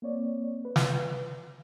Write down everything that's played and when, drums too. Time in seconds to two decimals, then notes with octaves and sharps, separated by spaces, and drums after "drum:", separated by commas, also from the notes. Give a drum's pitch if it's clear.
0.02 A#3 C4 C#5 D5
0.65 B4
0.76 drum: snare